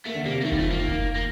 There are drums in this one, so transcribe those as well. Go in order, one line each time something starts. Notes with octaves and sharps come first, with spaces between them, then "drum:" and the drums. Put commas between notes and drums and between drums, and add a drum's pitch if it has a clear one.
A3 A#3
D3
C3 A#3
A#3
D#3 A3
G3, drum: kick F1
F3 A3
D#3 A#3
drum: kick F1
A#3